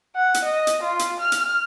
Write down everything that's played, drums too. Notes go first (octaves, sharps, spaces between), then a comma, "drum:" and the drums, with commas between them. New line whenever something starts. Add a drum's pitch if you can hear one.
F#5
drum: hi-hat
D#5
drum: hi-hat
F4
drum: hi-hat
F6
drum: hi-hat